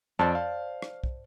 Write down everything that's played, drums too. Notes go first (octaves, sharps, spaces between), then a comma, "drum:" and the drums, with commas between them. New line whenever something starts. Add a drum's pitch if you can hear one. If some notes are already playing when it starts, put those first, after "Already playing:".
F2 C5 D5 A5
F5
drum: rim click
drum: kick